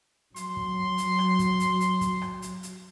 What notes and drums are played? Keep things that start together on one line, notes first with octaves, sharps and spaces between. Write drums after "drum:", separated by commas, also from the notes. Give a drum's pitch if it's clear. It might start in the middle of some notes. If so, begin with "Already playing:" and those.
F#3 C6, drum: hi-hat
drum: kick
drum: hi-hat
drum: rim click
drum: kick, hi-hat
drum: hi-hat
drum: hi-hat
drum: kick, hi-hat
drum: rim click
drum: hi-hat
drum: hi-hat